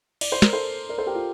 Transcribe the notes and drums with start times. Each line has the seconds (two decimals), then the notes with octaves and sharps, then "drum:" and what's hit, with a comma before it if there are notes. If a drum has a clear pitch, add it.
0.21 D5, drum: cymbal
0.32 C5
0.42 A#4, drum: snare
0.53 A4 C5
0.89 A#4 D5
0.98 A4 C5
1.06 G4 A#4
1.15 F4